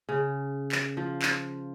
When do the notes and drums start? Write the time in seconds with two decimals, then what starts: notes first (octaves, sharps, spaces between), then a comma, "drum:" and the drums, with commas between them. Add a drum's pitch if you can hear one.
0.09 C#3
0.72 drum: clap
0.97 F3
1.22 drum: clap